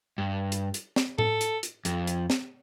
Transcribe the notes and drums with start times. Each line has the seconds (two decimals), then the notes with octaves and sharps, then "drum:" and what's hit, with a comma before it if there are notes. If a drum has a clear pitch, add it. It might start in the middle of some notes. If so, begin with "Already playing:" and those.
0.18 G2
0.52 drum: hi-hat
0.74 drum: hi-hat
0.96 drum: snare
1.18 A4, drum: tom A2
1.41 drum: hi-hat
1.63 drum: hi-hat
1.85 F2, drum: hi-hat
2.07 drum: hi-hat
2.30 drum: snare